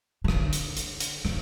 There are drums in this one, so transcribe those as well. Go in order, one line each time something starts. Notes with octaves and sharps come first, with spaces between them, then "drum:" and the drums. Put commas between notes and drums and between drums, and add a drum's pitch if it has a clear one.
C#3
D3, drum: rim click
drum: hi-hat
drum: hi-hat
drum: hi-hat
F3, drum: rim click